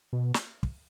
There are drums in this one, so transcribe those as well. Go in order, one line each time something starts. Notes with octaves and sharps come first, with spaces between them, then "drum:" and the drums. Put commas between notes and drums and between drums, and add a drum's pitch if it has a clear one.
B2
drum: snare
drum: kick